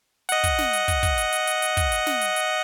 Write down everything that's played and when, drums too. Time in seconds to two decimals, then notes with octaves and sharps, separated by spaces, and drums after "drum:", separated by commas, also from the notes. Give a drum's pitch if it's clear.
0.29 D#5 F#5, drum: hi-hat
0.44 drum: kick, hi-hat
0.58 drum: snare
0.73 drum: hi-hat
0.88 drum: kick, hi-hat
1.03 drum: kick, hi-hat
1.18 drum: hi-hat
1.33 drum: hi-hat
1.47 drum: hi-hat
1.62 drum: hi-hat
1.77 drum: kick, hi-hat
1.92 drum: hi-hat
2.07 drum: snare
2.21 drum: hi-hat
2.36 drum: hi-hat